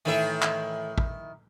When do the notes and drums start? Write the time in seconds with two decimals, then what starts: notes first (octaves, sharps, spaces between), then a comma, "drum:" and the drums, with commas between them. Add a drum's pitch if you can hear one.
0.05 A2 D#3 E3 E4 E5
0.42 drum: clap
0.98 drum: kick